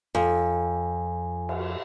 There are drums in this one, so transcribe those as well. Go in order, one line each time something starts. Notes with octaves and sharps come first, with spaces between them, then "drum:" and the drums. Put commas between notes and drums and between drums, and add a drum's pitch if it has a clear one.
F2 G#5
drum: cymbal